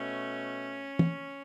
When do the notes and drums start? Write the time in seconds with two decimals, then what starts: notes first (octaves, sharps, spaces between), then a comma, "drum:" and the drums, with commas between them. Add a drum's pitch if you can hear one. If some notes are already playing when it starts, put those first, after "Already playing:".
Already playing: B2 A3 C#4
0.99 drum: tom